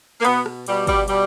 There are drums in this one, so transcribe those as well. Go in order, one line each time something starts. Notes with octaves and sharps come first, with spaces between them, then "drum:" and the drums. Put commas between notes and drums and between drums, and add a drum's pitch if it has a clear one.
A#3
B2 B3, drum: cymbal
drum: rim click
B2 G3, drum: cymbal
G3, drum: kick, cymbal
B2 G3, drum: cymbal